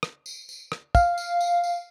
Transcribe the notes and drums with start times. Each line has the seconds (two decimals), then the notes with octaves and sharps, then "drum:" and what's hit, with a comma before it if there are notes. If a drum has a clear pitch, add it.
0.03 drum: rim click
0.26 drum: tambourine
0.49 drum: tambourine
0.72 drum: rim click
0.95 F5, drum: kick, tambourine
1.18 drum: tambourine
1.41 drum: tambourine
1.64 drum: tambourine